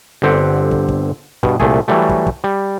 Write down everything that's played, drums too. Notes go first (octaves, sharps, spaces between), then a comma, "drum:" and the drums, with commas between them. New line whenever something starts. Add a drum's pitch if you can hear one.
G1 D3 C4 G4 F#5
drum: kick
drum: kick
G2 B2, drum: kick
C2 A#2 A3 G#4, drum: kick
E3 F#3 G3 A3
drum: kick
drum: kick
G3